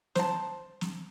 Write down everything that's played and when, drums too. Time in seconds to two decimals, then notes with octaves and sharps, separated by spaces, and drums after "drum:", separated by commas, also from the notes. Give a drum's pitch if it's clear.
0.15 C5 A5, drum: snare
0.81 drum: snare